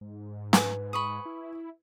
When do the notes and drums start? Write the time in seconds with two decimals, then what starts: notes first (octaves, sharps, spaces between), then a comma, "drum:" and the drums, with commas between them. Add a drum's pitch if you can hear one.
0.01 G#2
0.53 B4 G#5, drum: snare
0.93 B5 C#6 D#6
1.26 E4